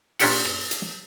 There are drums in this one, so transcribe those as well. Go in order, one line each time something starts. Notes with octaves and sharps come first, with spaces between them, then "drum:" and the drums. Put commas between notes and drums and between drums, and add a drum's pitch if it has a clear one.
A#2 C#4 D4 G4 A4 F#5, drum: open hi-hat
drum: rim click
drum: hi-hat